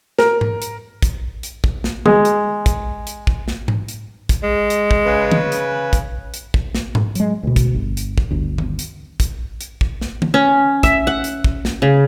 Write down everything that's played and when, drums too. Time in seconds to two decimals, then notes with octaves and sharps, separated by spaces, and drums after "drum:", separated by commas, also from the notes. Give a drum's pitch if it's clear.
0.18 A#4, drum: snare
0.41 drum: tom G#2
0.62 drum: hi-hat
1.02 drum: kick, hi-hat
1.43 drum: hi-hat
1.64 drum: kick
1.84 drum: snare
2.06 G#3, drum: tom D3
2.25 drum: hi-hat
2.66 drum: kick, hi-hat
3.07 drum: hi-hat
3.27 drum: kick
3.48 drum: snare
3.68 drum: tom G#2
3.89 drum: hi-hat
4.29 drum: kick, hi-hat
4.43 G#3
4.70 drum: hi-hat
4.91 drum: kick
5.05 C#3 B4
5.32 drum: tom D3
5.52 drum: hi-hat
5.93 drum: kick, hi-hat
6.34 drum: hi-hat
6.54 drum: kick
6.75 drum: snare
6.95 drum: tom G#2
7.15 F#3 G#3, drum: hi-hat
7.43 D2 B2
7.56 drum: kick, hi-hat
7.74 G1
7.97 drum: hi-hat
8.18 drum: kick
8.31 G1 D2
8.58 drum: tom D#3
8.79 drum: hi-hat
9.20 drum: kick, hi-hat
9.61 drum: hi-hat
9.81 drum: kick
10.01 drum: snare
10.22 drum: tom D3
10.34 C#4
10.83 E5, drum: kick, hi-hat
11.07 F#5
11.24 drum: hi-hat
11.44 drum: kick
11.65 drum: snare
11.82 C#3